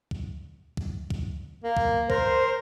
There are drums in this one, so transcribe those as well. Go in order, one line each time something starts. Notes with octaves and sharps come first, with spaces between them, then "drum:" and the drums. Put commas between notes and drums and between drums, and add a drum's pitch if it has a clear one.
drum: kick
drum: kick
drum: kick
A#3
drum: kick
A#4 C5, drum: kick